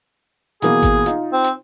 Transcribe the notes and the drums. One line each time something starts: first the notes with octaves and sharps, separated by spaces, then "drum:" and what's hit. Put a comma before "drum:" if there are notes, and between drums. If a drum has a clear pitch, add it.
B2 E3 A#3 G#4, drum: hi-hat
drum: kick G#1, hi-hat
D#4 F4, drum: hi-hat
C4
drum: hi-hat